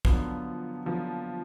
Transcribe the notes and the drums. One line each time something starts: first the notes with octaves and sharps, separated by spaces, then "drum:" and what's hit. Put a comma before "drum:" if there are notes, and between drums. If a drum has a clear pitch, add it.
D3 F3 F#3 B3, drum: kick B1
D3 F3 F#3 B3